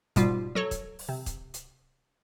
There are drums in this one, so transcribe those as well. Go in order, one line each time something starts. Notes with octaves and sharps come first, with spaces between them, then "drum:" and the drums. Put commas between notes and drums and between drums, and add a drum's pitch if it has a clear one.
G#2 B2 G3 F4, drum: kick, hi-hat
F#3 A4 C#5
drum: kick, hi-hat
drum: open hi-hat
C3
drum: kick, hi-hat
drum: hi-hat